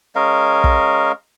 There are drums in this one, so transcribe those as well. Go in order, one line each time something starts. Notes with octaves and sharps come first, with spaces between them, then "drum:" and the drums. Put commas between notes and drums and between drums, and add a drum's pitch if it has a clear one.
G#3 C#4 A#4 F5
drum: kick